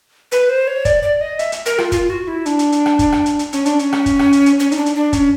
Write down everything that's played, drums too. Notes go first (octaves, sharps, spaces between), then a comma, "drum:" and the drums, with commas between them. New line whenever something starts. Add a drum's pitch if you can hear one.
B4, drum: hi-hat
C5
C#5
D5, drum: kick, hi-hat
D5
D#5
E5, drum: hi-hat
drum: hi-hat
A#4, drum: hi-hat
F4, drum: rim click
F4, drum: kick, hi-hat
F#4
E4
D4, drum: hi-hat
drum: hi-hat
drum: hi-hat
drum: rim click
drum: kick, hi-hat
drum: rim click
drum: hi-hat
drum: hi-hat
C#4, drum: hi-hat
D4, drum: hi-hat
C#4, drum: hi-hat
drum: rim click
drum: kick, hi-hat
drum: rim click
drum: hi-hat
drum: hi-hat
C#4, drum: hi-hat
D#4, drum: hi-hat
D4
drum: hi-hat
D4
C#4, drum: kick, hi-hat